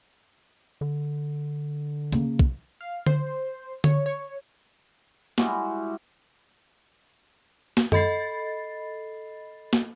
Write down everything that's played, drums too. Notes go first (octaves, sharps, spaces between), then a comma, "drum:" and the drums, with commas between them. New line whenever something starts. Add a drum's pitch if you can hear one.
D3
C#3 A#3, drum: hi-hat
drum: kick
F5
C5, drum: tom D3
C#5, drum: tom D3
C#5
G3 G#3 E4 F#4, drum: snare
drum: snare
A4 D#5 B5 A6 C7, drum: tom F#2
drum: snare